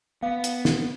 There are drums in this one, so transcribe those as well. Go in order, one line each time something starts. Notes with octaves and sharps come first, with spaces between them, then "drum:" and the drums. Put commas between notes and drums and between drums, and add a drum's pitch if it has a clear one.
B3 F5 D6
drum: hi-hat
drum: snare